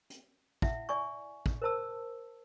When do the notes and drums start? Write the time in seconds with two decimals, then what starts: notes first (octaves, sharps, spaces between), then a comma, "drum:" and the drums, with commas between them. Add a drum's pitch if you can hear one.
0.10 drum: hi-hat
0.62 E4 E5 F#5, drum: kick
0.89 D5 G#5 C#6
1.46 drum: kick
1.62 A#4 C5 A5 E6